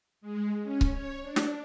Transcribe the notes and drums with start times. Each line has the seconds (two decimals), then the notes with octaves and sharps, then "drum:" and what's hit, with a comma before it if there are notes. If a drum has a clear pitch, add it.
0.21 G#3
0.62 C#4
0.81 drum: kick C#1
0.92 C#5
1.22 D4
1.36 drum: snare